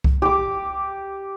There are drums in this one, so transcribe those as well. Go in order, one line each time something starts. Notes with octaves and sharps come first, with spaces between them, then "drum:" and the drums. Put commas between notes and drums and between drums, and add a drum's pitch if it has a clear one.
drum: kick C2
G4 D6